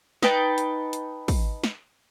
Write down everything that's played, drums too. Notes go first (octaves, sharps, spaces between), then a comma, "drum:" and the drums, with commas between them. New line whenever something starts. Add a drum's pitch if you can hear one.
D#4 B4 G5 A5, drum: snare
drum: hi-hat
drum: hi-hat
drum: kick, open hi-hat
drum: snare